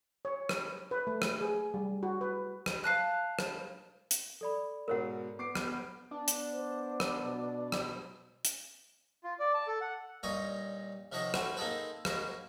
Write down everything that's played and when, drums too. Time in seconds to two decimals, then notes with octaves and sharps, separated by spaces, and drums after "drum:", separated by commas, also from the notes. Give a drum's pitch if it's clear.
0.25 C#5
0.49 drum: rim click
0.91 B4
1.07 A3
1.22 drum: rim click
1.41 G#4
1.74 G3
2.03 F#4
2.21 B4
2.66 drum: rim click
2.84 F5 A5 F#6
3.39 drum: rim click
4.11 drum: hi-hat
4.41 A4 D5 B5
4.88 G#2 B2 A#4 C#5 F#5
5.39 B3 D6 C7 D7
5.55 drum: rim click
6.11 B3 D4
6.28 drum: hi-hat
6.54 C5
7.00 drum: rim click
7.23 B2
7.72 drum: rim click
8.45 drum: hi-hat
9.24 F4
9.39 D5
9.54 A5
9.67 A4
9.81 F#5
10.23 G2 A#2 D#4 C#5 A#5 D#6
11.12 C3 D#3 F3 C#5 D#5 F#5
11.34 A3 F#4 C5 F#5 G#5, drum: rim click
11.57 A#3 C4 D#4 G#4 A4 B4
12.05 G#3 A#3 F#4, drum: rim click